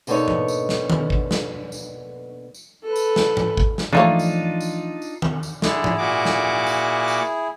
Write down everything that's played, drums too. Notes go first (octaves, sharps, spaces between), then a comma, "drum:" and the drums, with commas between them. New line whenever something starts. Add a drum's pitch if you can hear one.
B2 D3 A#3 B3 D#4 C#5, drum: tambourine
drum: tom G#2
drum: tambourine
drum: snare
drum: tom D#3
drum: kick
drum: snare
drum: tambourine
drum: tambourine
A4 B4
drum: tambourine
drum: snare
drum: tom G#2
drum: kick
drum: snare
E3 F3 A3 A#3 D4 D#4 F4 C#5
drum: tambourine
drum: tambourine
drum: tambourine
drum: tom D#3
drum: tambourine
D3 E4 G#4, drum: snare
drum: tom G#2
A#2 F#4 D6
drum: snare
drum: tambourine
drum: tambourine